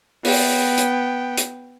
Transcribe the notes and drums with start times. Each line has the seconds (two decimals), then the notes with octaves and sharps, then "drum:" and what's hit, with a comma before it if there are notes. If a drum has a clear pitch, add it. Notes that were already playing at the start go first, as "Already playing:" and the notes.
0.24 B3 G5, drum: open hi-hat
0.77 drum: hi-hat
1.37 drum: hi-hat